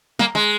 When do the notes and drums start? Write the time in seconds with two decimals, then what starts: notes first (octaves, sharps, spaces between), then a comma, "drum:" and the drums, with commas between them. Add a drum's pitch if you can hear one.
0.19 A#3, drum: snare
0.35 G#3